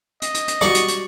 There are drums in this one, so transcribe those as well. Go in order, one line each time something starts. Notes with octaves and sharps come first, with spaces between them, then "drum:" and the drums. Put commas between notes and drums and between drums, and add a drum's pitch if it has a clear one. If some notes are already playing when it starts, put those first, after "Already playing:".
D#5, drum: hi-hat
drum: hi-hat
drum: hi-hat
G3 F#4 D5 C#6, drum: rim click
drum: hi-hat
drum: hi-hat